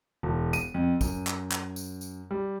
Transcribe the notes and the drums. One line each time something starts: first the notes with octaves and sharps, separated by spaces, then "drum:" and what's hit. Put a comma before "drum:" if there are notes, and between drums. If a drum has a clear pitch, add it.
E1
D#7, drum: tambourine
F2
F#2, drum: kick, tambourine
drum: clap
drum: clap
drum: tambourine
drum: tambourine
G3